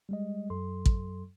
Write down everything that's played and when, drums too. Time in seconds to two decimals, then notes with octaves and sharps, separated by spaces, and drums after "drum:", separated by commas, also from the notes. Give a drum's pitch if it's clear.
0.09 G3 G#3 D#5
0.50 F#2 F#3 A4 C6
0.86 drum: kick